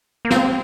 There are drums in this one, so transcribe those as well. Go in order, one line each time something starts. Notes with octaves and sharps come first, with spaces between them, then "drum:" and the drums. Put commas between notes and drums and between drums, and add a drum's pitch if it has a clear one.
A#3
C4, drum: snare